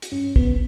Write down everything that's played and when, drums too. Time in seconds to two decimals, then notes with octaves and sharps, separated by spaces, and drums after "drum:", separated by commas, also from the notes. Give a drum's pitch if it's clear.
0.02 drum: hi-hat
0.12 G2 C#4
0.36 B3, drum: kick